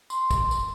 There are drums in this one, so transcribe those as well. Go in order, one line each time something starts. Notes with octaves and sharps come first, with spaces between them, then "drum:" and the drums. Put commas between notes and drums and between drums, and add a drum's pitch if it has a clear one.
C6, drum: tambourine
drum: kick, tambourine
drum: tambourine